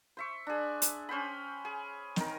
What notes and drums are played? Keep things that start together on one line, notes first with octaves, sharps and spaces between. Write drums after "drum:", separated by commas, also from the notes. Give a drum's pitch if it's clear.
C5 E5 C#6
D4 G#4
drum: hi-hat
C#4 C5 G5 B5
G#4
D#3 A#4, drum: snare